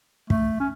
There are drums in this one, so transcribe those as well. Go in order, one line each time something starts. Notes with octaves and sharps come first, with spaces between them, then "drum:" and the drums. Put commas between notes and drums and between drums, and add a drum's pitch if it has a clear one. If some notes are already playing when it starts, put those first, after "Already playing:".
A3, drum: kick
C#4